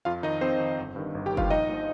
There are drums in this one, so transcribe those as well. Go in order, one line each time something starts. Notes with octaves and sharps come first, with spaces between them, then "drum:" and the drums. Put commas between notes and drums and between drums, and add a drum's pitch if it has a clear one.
F2 F4 F5
D#3 D#4 D#5
F2 C4 C5
D#3
G1
G2 D#3
G1
G4 G5
D#3
G2 F4 F5, drum: kick F#1
A#1 D#4 D#5
A#2 F3